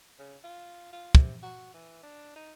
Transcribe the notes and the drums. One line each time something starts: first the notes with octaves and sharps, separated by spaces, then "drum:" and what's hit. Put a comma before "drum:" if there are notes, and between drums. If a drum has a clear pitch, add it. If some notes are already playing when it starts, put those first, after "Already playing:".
C#3
F4
F4
C3, drum: kick
F#4
E3
D4
D#4